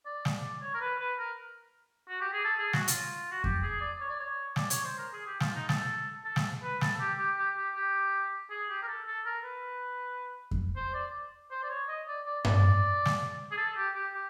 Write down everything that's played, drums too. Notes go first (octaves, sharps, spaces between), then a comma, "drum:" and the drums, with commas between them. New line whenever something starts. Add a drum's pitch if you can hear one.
D5
drum: snare
C#5
A#4
B4
B4
A#4
F#4
G4
G#4
A4
G#4
F#4, drum: snare
F4, drum: hi-hat
F#4
G4, drum: kick F2
G#4
D5
C#5
D5
C#5
D5, drum: snare
C#5, drum: hi-hat
C5
A#4
G#4
G4
F4, drum: snare
D#4
A4, drum: snare
A4
drum: snare
B4
A4, drum: snare
G4
G4
G4
G4
G4
G#4
G4
A#4
A4
A4
A#4
B4
drum: kick F2
C5
D5
C5
D5
C#5
D#5
D5
D5
D5, drum: tom G2
drum: snare
G#4
A4
G4
G4
G4